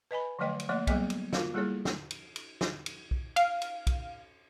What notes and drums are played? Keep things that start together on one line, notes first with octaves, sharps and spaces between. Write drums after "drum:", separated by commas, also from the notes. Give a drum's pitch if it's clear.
B4 D#5 G#5 B5
D3 F3 F#3 A3 D#5 G5
drum: cymbal
F3 A3 A#3 C#5 D#5 C6
F#3 G3 A#3 B3 G#4 D#5, drum: kick B1, cymbal
drum: cymbal
F4 F#4 A#4 F5, drum: snare
G3 A#3 E4 G#4 A4 C#5
drum: snare
drum: cymbal
drum: cymbal
drum: snare
drum: cymbal
drum: kick B1
F5, drum: cymbal
drum: cymbal
drum: kick B1, cymbal